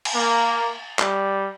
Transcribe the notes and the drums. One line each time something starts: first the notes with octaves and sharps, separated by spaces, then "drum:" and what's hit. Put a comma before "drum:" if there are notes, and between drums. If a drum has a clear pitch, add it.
drum: cymbal
A#3
G3, drum: clap